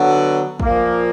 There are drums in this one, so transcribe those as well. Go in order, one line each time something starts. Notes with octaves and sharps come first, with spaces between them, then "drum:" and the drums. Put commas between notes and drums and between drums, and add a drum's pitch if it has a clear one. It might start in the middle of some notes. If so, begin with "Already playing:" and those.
Already playing: D3 F#3 B3
A#2 F3 A#3, drum: kick